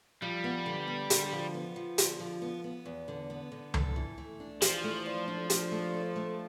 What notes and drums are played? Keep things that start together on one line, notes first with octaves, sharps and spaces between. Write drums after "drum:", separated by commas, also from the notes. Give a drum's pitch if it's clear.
F3 G3
B3
D3
B3
D3, drum: hi-hat
F3
B3
F3
D3, drum: hi-hat
F3
B3
B3
E2
D3
B3
D3
A4, drum: tom C#2
E3
A3
D4
E3 F3, drum: hi-hat
A3
D4
D4
D4, drum: hi-hat
A3
A4
A3